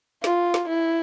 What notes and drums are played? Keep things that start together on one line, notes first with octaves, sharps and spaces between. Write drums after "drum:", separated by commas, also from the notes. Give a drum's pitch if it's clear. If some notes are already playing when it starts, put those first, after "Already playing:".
F4, drum: snare
drum: snare
E4